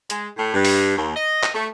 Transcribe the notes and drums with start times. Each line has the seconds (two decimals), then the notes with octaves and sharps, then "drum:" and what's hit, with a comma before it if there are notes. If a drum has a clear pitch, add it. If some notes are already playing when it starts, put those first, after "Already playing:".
0.10 G#3, drum: hi-hat
0.37 A2
0.54 G2
0.65 drum: open hi-hat
0.97 D#2
1.16 D#5
1.43 drum: clap
1.54 A3